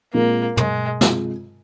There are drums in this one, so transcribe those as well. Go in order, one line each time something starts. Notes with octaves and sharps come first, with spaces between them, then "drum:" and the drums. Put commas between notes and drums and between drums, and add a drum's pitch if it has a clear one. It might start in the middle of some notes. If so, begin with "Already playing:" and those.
A#2 G#3 A#3 C4 F4
G#3, drum: tom
C3 G#3 F4, drum: snare